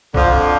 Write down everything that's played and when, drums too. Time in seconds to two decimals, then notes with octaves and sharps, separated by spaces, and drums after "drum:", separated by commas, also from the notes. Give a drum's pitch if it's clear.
0.14 F2 D3 F3, drum: kick B1